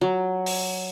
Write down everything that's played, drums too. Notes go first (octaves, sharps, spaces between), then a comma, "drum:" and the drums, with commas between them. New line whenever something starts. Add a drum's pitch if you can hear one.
F#3
drum: open hi-hat